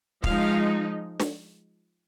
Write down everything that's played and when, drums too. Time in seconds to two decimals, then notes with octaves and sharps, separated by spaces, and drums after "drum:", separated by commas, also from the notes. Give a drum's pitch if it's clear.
0.24 F3 G#3 D#4 F5, drum: kick
1.20 drum: snare